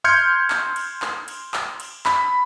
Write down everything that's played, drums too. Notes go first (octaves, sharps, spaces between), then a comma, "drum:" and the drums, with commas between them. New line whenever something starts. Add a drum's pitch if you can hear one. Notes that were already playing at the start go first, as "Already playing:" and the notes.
C6 F6 G6 G#6 C#7
drum: clap
drum: cymbal
drum: clap
drum: cymbal
drum: clap
drum: cymbal
B5, drum: clap